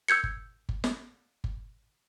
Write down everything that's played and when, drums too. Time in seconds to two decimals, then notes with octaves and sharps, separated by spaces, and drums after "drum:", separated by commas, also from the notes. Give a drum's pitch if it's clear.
0.09 E6 G6 G#6 C#7
0.24 drum: kick G1
0.69 drum: kick G1
0.84 drum: snare
1.44 drum: kick G1